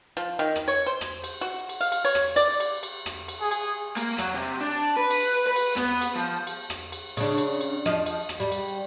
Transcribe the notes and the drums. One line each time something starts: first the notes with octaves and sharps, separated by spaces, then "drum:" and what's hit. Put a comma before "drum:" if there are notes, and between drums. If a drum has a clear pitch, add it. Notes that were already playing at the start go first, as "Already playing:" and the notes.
F3
D#3
drum: rim click
C#5
C5
drum: rim click
drum: cymbal
F#4
drum: cymbal
F5
drum: cymbal
C#5
drum: rim click
D5, drum: cymbal
drum: cymbal
drum: cymbal
drum: rim click
drum: cymbal
G#4
drum: cymbal
A#3, drum: cymbal
F#3, drum: rim click
C3
D4
B4
drum: cymbal
B4
drum: cymbal
B3, drum: rim click
drum: cymbal
F3
drum: cymbal
drum: rim click
drum: cymbal
C#3 C#4 D4, drum: cymbal
drum: cymbal
drum: cymbal
F3 D#5, drum: rim click
drum: cymbal
drum: rim click
G3
drum: cymbal